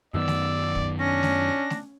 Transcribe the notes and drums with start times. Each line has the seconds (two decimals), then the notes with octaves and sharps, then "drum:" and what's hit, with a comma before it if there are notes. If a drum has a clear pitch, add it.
0.14 F#2 D#3 B3 D5 E6
0.28 drum: snare A3
0.75 drum: kick
0.99 C#4 D4 A#6
1.23 drum: snare A3
1.70 drum: snare A3